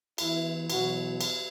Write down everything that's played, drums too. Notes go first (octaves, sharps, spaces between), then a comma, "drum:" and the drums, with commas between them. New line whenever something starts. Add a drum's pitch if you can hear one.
E2 E3 E4, drum: cymbal
E2 B2 F#3 F#4, drum: cymbal
drum: cymbal